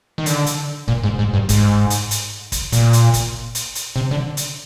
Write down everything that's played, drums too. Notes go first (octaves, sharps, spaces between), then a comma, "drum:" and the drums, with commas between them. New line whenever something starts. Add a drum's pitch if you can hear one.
D#3
D3, drum: hi-hat
drum: hi-hat
A#2, drum: kick
G#2
G#2
G2
G#2, drum: kick, hi-hat
drum: hi-hat
drum: hi-hat
drum: kick, hi-hat
A#2, drum: hi-hat
drum: hi-hat
drum: kick, hi-hat
drum: hi-hat
drum: hi-hat
C3
D3
drum: hi-hat